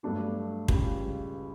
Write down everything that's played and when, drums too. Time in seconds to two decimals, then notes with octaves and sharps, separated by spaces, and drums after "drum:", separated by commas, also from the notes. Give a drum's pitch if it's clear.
0.03 G2 F#3 A3 D4 F#4
0.68 C#2 C#3 G3, drum: kick